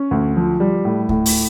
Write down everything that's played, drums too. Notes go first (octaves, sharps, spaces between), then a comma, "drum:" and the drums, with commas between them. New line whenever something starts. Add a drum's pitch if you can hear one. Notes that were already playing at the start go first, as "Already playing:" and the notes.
Already playing: C#4
D2
F3
G3
A2
A2, drum: kick D2
drum: open hi-hat